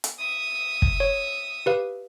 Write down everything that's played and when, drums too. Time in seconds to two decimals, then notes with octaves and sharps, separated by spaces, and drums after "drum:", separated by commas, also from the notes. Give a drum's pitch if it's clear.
0.04 drum: hi-hat
0.19 E5 D#6
0.82 drum: kick
1.00 C#5
1.66 G4 B4 F5